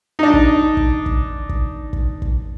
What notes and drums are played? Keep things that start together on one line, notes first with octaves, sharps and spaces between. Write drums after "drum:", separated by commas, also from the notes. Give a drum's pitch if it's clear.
D4 D#4
drum: kick
drum: kick
drum: kick
drum: kick
drum: kick
drum: kick